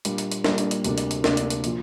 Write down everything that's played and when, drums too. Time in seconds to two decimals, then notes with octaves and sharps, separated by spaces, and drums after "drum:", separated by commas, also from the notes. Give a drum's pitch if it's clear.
0.05 A#2 G3 A#3 D4, drum: hi-hat
0.18 drum: hi-hat
0.32 drum: hi-hat
0.44 A#2 G3 A#3 D4, drum: snare
0.58 drum: hi-hat
0.71 drum: hi-hat
0.84 D2 C3 A#3 D4, drum: hi-hat
0.98 drum: hi-hat
1.11 drum: hi-hat
1.24 D2 C3 A#3 D4, drum: snare
1.37 drum: hi-hat
1.50 drum: hi-hat
1.64 A#2 F3, drum: hi-hat